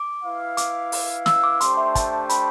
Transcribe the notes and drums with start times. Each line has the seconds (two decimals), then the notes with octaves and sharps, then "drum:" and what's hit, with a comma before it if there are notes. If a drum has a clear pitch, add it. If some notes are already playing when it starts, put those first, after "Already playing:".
Already playing: D6
0.24 E4 B4 F5
0.57 D6, drum: hi-hat
0.92 drum: open hi-hat
1.26 E6, drum: snare
1.44 D6
1.61 A3 D4 G4 C5 G5 C6, drum: hi-hat
1.77 E5
1.95 A5, drum: kick, hi-hat
2.29 B5, drum: hi-hat